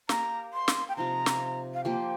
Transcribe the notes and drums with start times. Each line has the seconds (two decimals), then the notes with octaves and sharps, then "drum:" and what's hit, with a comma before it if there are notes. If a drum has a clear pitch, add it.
0.09 A#3 G4 A#4 A#5, drum: snare
0.53 C6
0.68 drum: snare
0.89 G5
0.97 C3 F3 D#4 C5 A#5
1.26 drum: snare
1.74 F5
1.85 F3 A#3 G4 C5 G5